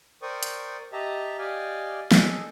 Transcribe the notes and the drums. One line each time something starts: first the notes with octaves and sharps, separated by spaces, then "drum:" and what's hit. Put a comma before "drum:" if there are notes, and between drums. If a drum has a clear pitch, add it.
A#4 C5 D5 G5 C#6 D#6
drum: hi-hat
G4 D#5 E5 A5 A#5
G4 D5 D#5 F5 G5 G#5
G#4 A4 D#5, drum: snare